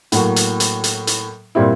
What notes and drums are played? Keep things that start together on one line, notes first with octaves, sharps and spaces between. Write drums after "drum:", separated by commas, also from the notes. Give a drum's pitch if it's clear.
A2 F#3 A#3, drum: hi-hat
drum: hi-hat
drum: hi-hat
drum: hi-hat
drum: hi-hat
A#2 G3 C4 E4